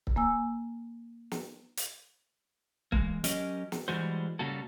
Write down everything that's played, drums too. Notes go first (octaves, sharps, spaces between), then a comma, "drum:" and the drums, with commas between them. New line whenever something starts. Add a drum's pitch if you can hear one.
drum: kick
A#3 G#5 E6
drum: snare
drum: hi-hat
E3 G#3 A#3, drum: kick
F#3 C#4 G4 A#4 D#5, drum: hi-hat
drum: snare
E3 G3 G#3 F#4 C5
C#3 G3 A#3 F#4 A4